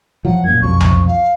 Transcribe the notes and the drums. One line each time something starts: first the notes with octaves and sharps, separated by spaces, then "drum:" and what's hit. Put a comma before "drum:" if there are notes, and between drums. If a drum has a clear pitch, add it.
F3 F#3 F#5
F#2 A#2 G#6
B1 F2 F3 C#6
drum: tom B1
F5